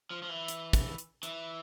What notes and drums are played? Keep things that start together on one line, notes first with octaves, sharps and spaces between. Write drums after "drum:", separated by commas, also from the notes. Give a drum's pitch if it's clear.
F3
F3
E3
drum: hi-hat
drum: kick, hi-hat
drum: hi-hat
E3, drum: hi-hat